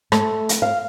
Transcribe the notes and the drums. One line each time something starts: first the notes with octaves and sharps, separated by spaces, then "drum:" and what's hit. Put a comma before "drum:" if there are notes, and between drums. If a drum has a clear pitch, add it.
A3, drum: rim click
drum: hi-hat
F5